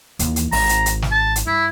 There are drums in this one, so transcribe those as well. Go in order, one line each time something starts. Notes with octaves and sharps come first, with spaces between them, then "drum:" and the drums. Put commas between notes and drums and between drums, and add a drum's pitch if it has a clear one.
D#2 E3, drum: hi-hat
drum: hi-hat
G#1 A#5, drum: open hi-hat
drum: hi-hat
drum: hi-hat
drum: snare
A5
drum: hi-hat
G2 E4